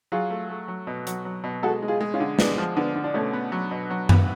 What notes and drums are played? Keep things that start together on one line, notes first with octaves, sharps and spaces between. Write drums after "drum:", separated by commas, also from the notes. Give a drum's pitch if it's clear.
F#3 F4 G#4
A3
A3
F#3
B2
F#3, drum: hi-hat
F#3
B2
G#3 F#4 A4
G#3
F4 G#4
G#3
C#4 F4
D3
G#3 B3 D4, drum: snare
F3
D3 B3 D4
D3
D4
B2 A3 C#4
B3
F#3
B2
F#3
B3, drum: tom F#2